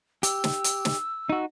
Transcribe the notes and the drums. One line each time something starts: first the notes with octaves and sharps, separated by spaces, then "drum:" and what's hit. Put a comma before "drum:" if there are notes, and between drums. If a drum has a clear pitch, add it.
G4 E6, drum: hi-hat
drum: snare
drum: hi-hat
drum: snare
D#4 F#4